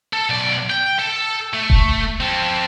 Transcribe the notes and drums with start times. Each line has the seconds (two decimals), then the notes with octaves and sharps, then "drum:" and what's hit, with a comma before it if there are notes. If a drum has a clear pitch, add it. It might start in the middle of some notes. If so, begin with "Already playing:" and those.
0.13 A4
0.30 B1 D5
0.70 G5
0.99 A4
1.54 A3
1.70 drum: kick E1
2.21 C4 A4